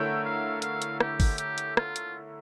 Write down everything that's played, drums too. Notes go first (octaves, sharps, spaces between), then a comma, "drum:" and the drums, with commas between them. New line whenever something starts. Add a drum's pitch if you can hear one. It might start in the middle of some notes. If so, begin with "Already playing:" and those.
Already playing: D3 A3 E4 A#4 C#5 G5
F5
F5, drum: hi-hat
drum: hi-hat
G4, drum: rim click
drum: kick G1, open hi-hat
G4, drum: hi-hat
drum: hi-hat
F4, drum: rim click
drum: hi-hat